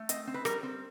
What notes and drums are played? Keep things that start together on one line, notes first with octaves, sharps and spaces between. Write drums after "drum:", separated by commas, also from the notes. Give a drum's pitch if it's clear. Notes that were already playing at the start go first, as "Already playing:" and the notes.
Already playing: A3
C4 D#5, drum: hi-hat
C4
B4
G3 A#4, drum: rim click
C4